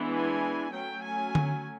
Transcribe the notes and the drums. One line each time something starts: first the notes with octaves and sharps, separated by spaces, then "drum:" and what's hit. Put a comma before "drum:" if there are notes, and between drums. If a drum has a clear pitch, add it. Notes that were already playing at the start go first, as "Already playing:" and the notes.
Already playing: E3 G#3 B3 D4
G#5
F#3 A3 C#4 G5
G#5
drum: tom D3